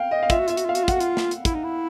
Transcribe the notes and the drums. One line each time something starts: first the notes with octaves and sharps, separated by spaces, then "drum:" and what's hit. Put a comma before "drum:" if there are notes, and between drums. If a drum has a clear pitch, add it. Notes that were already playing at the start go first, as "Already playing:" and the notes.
Already playing: F5 G5
D#5
F5
F4 E5, drum: kick, hi-hat
F#4
F4 E5, drum: hi-hat
F#4, drum: hi-hat
F4 F5
F#4, drum: hi-hat
F4
F#4 F#5, drum: kick, hi-hat
F4, drum: hi-hat
drum: snare
drum: hi-hat
E4, drum: kick, hi-hat
D#4
E4